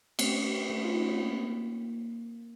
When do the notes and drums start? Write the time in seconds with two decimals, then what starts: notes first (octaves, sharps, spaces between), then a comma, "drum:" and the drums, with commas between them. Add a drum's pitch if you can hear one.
0.19 A3 C4, drum: cymbal
0.70 A3
0.85 F4
0.94 D#4
1.02 C#4
1.11 C4
1.20 A#3